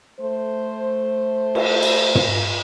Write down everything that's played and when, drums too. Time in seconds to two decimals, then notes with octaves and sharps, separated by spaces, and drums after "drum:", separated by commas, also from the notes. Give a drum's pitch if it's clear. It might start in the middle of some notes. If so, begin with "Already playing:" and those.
0.20 A3 C5
1.55 drum: cymbal
1.83 drum: cymbal
2.15 drum: tom